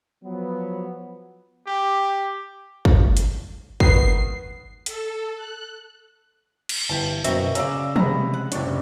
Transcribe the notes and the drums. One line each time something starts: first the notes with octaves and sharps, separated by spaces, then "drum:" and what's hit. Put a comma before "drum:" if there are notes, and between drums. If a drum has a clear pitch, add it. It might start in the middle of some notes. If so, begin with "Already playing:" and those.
F3 F#3 B3
G4
drum: kick
drum: hi-hat
D#3 B3 C7, drum: kick
A4, drum: hi-hat
F#6
drum: cymbal
G1 E3 G4 A5
F#2 B2 A#3 C4 F#4 E5, drum: hi-hat
C#3 C#4 D5 F5 A#5 E6, drum: hi-hat
C3 G#3 A#5 B5, drum: tom
F#5
F#1 C3 D4 C#5, drum: hi-hat